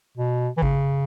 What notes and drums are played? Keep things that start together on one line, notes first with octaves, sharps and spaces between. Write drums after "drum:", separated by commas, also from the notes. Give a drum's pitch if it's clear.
B2
E3
C#3, drum: kick G#1